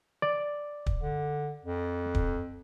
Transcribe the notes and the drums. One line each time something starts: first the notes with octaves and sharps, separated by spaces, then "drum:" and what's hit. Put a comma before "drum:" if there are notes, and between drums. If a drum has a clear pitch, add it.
D5
drum: kick
D3
F2
drum: kick